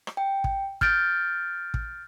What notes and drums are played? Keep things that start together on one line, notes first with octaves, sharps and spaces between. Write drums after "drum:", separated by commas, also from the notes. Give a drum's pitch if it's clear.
drum: rim click
G5
drum: kick
F6 G6 A6 D7, drum: kick
drum: kick